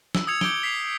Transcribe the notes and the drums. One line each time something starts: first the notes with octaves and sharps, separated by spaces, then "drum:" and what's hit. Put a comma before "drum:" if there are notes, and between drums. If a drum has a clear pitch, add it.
E6, drum: snare
D#6 E6 G#6 C#7 F7
D6 G6 C#7 D7 G7, drum: snare
B6 C7 F7